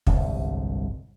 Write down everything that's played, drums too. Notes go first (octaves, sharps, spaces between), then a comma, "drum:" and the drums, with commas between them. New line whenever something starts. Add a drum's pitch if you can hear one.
G1 C2 F2 G#2, drum: kick